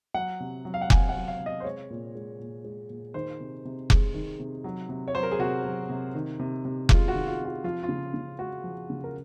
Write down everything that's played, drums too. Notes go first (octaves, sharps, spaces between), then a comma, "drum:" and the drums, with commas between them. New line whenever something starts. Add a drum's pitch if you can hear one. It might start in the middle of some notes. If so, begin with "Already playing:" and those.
F#3 F#5
C3
F#3
F5
F#5
C3 G#5, drum: kick F1
F#5
F#3
F5
C3
D#5
C5
G#3 C#5
A#2
G#3
A#2
G#3
A#2
D#3 C5
C3
C3
G#3, drum: kick F1
D#3
C3
F#3
C3
C#5
F#3 C5
A#4
G#4
C3 F#4
F#3
C3
D#3
C3
C3
G#3 F4, drum: kick F1
F#4
D#3
F4
C3
F#4
F3 F4
F4
C#3
C#3
G#3 F#4
F3
C#3
A#4